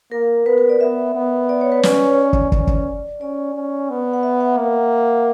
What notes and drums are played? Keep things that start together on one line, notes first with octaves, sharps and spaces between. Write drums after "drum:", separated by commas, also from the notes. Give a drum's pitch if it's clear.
A#3 A#4
B3 B4
B4
D5
B3 E5
B3
D5
C#5
B4
C#4 D5, drum: snare
drum: kick
C#4, drum: kick
drum: kick
C#4 D5
C#4
B3
F#5
E5
F#5
A#3